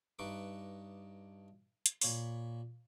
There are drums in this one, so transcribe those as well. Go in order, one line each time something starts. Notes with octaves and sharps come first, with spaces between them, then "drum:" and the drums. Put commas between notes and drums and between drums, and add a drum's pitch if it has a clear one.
G2 D#4 B4 C#6 D6
drum: hi-hat
A#2 C#5 B5, drum: open hi-hat